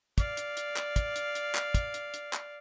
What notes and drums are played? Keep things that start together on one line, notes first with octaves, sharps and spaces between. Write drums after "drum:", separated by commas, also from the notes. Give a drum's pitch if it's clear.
D5 F5, drum: kick, hi-hat
drum: hi-hat
drum: hi-hat
drum: clap
drum: kick, hi-hat
drum: hi-hat
drum: hi-hat
drum: clap
drum: kick, hi-hat
drum: hi-hat
drum: hi-hat
drum: clap